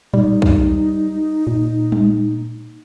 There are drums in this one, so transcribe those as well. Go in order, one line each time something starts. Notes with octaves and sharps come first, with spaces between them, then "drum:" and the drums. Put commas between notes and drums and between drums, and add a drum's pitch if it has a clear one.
G3 D#4, drum: tom A2
drum: kick
A#2
drum: tom G3